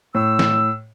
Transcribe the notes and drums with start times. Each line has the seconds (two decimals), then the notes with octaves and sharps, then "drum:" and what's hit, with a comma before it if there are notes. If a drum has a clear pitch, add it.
0.15 A2 E6
0.39 drum: snare